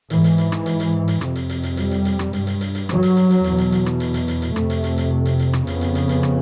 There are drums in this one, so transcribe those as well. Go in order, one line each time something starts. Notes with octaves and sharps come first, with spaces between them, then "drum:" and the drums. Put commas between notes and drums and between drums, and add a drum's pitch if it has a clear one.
G#2 E3, drum: hi-hat
drum: hi-hat
drum: hi-hat
drum: rim click
drum: hi-hat
drum: hi-hat
drum: hi-hat
F2 C3, drum: rim click
drum: hi-hat
drum: hi-hat
drum: hi-hat
G3, drum: hi-hat
drum: hi-hat
drum: hi-hat
drum: rim click
G2, drum: hi-hat
drum: hi-hat
drum: hi-hat
drum: hi-hat
F#3, drum: rim click
drum: hi-hat
drum: hi-hat
drum: hi-hat
E2 B2, drum: hi-hat
drum: hi-hat
drum: hi-hat
drum: rim click
drum: hi-hat
drum: hi-hat
drum: hi-hat
drum: hi-hat
F2 C3 A3, drum: rim click
drum: hi-hat
drum: hi-hat
drum: hi-hat
drum: hi-hat
drum: hi-hat
drum: rim click
F2 C#3 B3, drum: hi-hat
drum: hi-hat
drum: hi-hat
drum: hi-hat
drum: rim click